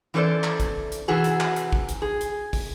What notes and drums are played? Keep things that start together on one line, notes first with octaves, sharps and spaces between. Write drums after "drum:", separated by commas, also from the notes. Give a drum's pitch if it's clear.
E3 C#4 A4 B4 C5 D5
drum: clap
drum: kick, hi-hat
drum: hi-hat
C3 E3 F#4 G#4
drum: hi-hat
drum: clap
drum: hi-hat
drum: kick
drum: hi-hat
G#4
drum: hi-hat
drum: kick, open hi-hat